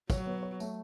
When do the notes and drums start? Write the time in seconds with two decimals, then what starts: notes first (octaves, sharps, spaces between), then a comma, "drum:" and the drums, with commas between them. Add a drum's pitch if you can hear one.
0.10 F#3 C#5, drum: kick, tambourine
0.26 B3
0.43 C#5
0.60 A3, drum: tambourine